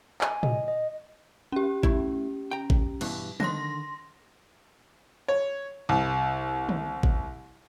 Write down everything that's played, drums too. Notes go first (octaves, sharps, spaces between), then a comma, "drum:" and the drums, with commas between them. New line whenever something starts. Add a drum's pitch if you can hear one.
G#5, drum: clap
D#5, drum: tom A2
D#5
C#4 G4
A3 E4, drum: kick A1
G5 A#5
drum: kick A1
G2 B2 E3, drum: cymbal
D3 D#3 C6 A#6, drum: tom E3
C#5
C2
drum: tom
drum: kick A1